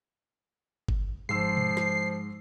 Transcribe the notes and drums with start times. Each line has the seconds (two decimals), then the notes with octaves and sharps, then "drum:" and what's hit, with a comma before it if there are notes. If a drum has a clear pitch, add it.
0.88 drum: kick
1.29 G#2 F3 E6 C7
1.57 drum: tom B2
1.77 drum: snare